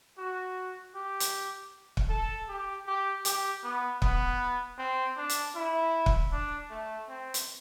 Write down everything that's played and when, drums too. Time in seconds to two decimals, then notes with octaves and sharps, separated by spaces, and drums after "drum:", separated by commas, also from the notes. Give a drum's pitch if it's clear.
0.18 F#4
0.95 G4
1.20 drum: hi-hat
1.97 drum: kick
2.09 A4
2.48 G4
2.87 G4
3.25 G4, drum: hi-hat
3.63 B3
4.02 B3, drum: kick
4.78 C4
5.17 D4
5.29 drum: hi-hat
5.55 E4
6.06 drum: kick
6.32 D4
6.70 A3
7.08 C4
7.34 drum: hi-hat